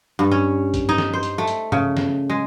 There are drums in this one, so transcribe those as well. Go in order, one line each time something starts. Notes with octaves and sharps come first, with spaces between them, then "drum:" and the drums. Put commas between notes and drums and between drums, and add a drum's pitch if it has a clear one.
G2
C#4
drum: kick, hi-hat
D#4
drum: snare
C5
drum: hi-hat
A3
drum: hi-hat
C#3, drum: tom
drum: snare
G#3